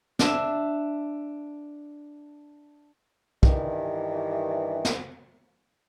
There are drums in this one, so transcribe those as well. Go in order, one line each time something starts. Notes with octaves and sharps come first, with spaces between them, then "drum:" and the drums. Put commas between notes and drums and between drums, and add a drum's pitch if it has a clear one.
D4 E5, drum: snare
G2 D#3 E3, drum: kick
drum: snare